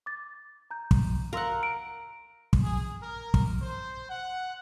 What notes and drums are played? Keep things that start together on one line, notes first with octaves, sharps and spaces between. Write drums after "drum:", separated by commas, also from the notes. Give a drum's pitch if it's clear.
D6 A6
A#5 G6
drum: kick
A#4 F5 F#5 C6 E6
D7
drum: kick
G#4
A#4
drum: kick
C5
F#5